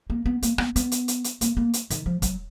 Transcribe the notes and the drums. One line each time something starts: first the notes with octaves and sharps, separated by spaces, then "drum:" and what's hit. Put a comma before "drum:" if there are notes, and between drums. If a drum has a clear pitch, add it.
A#3
B3
A#3, drum: hi-hat
B3, drum: rim click
B3, drum: hi-hat
drum: hi-hat
drum: hi-hat
drum: hi-hat
A#3, drum: hi-hat
A#3
drum: hi-hat
D#3, drum: hi-hat
F3
F#3, drum: kick, hi-hat